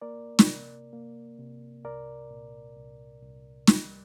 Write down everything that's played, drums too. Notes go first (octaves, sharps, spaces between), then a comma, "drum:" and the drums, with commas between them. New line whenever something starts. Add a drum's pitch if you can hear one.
A#3 A#4 D5
drum: snare
C3
A#3
C3
C2 A#4 D5
A#2
C2
C2
G3, drum: snare